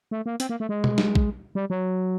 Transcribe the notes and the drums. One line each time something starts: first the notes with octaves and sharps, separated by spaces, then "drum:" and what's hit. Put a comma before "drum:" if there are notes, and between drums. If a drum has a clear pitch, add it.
A3
A#3
C4, drum: hi-hat
A#3
A3
G#3
drum: tom B2
drum: snare
drum: kick A#1
G3
F#3